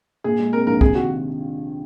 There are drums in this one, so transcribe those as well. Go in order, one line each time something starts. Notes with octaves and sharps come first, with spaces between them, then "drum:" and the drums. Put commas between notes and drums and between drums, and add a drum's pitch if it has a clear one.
A#2 G#4
G#3
C4 A#4
A#1 A#4
C3 G#4, drum: kick C2
D#3 F#4